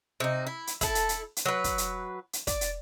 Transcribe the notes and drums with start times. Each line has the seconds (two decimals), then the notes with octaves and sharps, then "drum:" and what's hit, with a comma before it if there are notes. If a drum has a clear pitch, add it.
0.20 C3 D#4
0.47 E4
0.67 drum: hi-hat
0.81 E4 A4, drum: kick, hi-hat
0.95 drum: hi-hat
1.09 drum: hi-hat
1.36 drum: hi-hat
1.46 F#3 B4
1.64 drum: kick, hi-hat
1.78 drum: hi-hat
2.33 drum: hi-hat
2.47 D5, drum: kick, hi-hat
2.61 drum: hi-hat